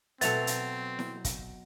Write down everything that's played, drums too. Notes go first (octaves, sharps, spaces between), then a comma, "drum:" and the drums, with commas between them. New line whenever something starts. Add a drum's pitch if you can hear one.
B2 F#3 B3 C4 A4 E5 A6 F7, drum: hi-hat
drum: hi-hat
drum: snare E4
drum: kick, hi-hat